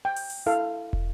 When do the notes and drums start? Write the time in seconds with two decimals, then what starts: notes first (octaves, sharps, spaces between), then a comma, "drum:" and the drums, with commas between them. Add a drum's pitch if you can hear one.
0.05 G5
0.16 drum: open hi-hat
0.30 drum: open hi-hat
0.46 E4 A4 F5
0.93 drum: kick